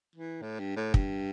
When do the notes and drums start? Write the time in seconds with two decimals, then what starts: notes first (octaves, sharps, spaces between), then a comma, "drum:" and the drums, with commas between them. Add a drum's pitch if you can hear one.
0.16 E3
0.42 A2
0.59 G2
0.76 A2
0.94 G2, drum: kick